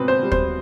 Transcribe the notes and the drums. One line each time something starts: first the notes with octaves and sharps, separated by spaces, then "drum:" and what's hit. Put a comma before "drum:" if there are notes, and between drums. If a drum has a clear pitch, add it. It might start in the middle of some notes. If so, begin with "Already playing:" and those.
Already playing: B2 C4 B4
C5
G3
C5, drum: kick